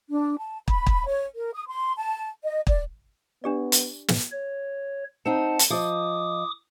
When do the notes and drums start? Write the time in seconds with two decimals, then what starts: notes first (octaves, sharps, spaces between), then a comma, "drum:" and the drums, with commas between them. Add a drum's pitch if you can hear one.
0.10 D4
0.38 A5
0.68 B5, drum: kick
0.86 drum: kick
1.07 C#5
1.34 A#4
1.54 D#6
1.68 C6
1.96 A5
2.44 D#5
2.67 D5, drum: kick
3.44 B3 D4 G4 D5
3.72 drum: hi-hat
4.08 drum: snare
4.32 C#5
5.26 C4 D#4 F#5 A5
5.59 drum: hi-hat
5.70 F3 D#5 D6 D#6